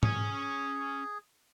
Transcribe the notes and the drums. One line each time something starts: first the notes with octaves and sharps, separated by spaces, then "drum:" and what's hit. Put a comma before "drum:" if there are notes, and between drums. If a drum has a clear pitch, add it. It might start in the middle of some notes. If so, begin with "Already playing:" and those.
C#4 G#4 G#5, drum: tom